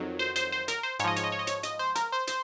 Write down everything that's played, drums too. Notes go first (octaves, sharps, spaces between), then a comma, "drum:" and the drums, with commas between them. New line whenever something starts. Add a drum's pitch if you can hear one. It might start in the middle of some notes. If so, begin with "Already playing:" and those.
Already playing: F2 D#3 F#3
C5
C5, drum: hi-hat
C5
A#4, drum: hi-hat
C5
G#2 C#5, drum: hi-hat
F3 D#5
C#5, drum: hi-hat
D#5
C#5
D#5
C#5, drum: hi-hat
D#5, drum: hi-hat
C5
A#4, drum: hi-hat
C5
C5, drum: hi-hat